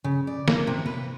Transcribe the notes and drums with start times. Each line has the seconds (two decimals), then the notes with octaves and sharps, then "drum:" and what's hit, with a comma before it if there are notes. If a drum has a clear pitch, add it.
0.04 C#3
0.27 D5
0.48 A#3, drum: snare
0.67 C3
0.86 B4